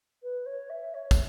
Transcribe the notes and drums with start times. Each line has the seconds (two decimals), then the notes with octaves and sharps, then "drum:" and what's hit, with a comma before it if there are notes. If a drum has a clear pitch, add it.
0.22 B4
0.46 C#5
0.69 E5
0.94 C#5
1.11 drum: kick, tambourine